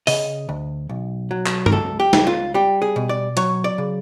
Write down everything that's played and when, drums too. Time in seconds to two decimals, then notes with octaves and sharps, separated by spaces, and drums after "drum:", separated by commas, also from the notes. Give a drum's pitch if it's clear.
0.07 C#3 D#5, drum: open hi-hat
0.49 D2
0.89 B1
1.31 F#3
1.46 drum: clap
1.66 A#4, drum: tom
1.72 C#2 A4
2.00 G4
2.13 C#2, drum: snare
2.27 F4
2.54 G3 G4
2.82 G#4
2.96 B2
3.09 D5
3.37 F#3 C#5, drum: hi-hat
3.64 D5
3.78 C#3